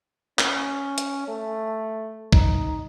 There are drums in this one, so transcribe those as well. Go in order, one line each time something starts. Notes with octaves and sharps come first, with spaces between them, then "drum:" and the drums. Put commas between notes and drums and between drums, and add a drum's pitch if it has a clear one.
C#4, drum: clap
drum: hi-hat
A3
D#4, drum: kick